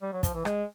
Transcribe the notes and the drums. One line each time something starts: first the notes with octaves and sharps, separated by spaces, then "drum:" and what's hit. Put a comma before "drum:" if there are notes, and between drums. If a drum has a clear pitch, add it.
G3
F#3
F3, drum: kick, hi-hat
E3
G#3, drum: rim click